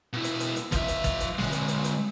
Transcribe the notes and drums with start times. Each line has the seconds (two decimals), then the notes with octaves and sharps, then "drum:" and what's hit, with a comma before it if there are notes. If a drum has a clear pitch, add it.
0.13 B2 E4
0.24 drum: hi-hat
0.40 drum: hi-hat
0.56 drum: hi-hat
0.72 F3 E5, drum: kick, hi-hat
0.88 drum: hi-hat
1.04 drum: kick, hi-hat
1.20 drum: hi-hat
1.38 D3 G#3, drum: snare
1.52 drum: hi-hat
1.68 drum: hi-hat
1.84 drum: hi-hat